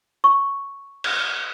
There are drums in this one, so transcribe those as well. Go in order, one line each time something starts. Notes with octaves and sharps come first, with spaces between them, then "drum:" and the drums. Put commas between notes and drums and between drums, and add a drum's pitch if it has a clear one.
C#6
drum: cymbal